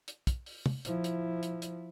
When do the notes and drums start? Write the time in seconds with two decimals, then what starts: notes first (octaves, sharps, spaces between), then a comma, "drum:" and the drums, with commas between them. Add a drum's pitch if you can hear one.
0.08 drum: hi-hat
0.27 drum: kick, hi-hat
0.46 drum: open hi-hat
0.66 drum: tom
0.85 F3 E4, drum: hi-hat
1.04 drum: hi-hat
1.43 drum: hi-hat
1.62 drum: hi-hat